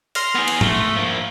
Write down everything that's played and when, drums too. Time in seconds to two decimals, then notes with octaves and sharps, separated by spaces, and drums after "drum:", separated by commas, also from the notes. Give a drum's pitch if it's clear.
0.15 C6 F6 A#6, drum: open hi-hat
0.35 B3 G#4
0.48 drum: cymbal
0.61 A3, drum: tom G#2
0.96 F3 A#3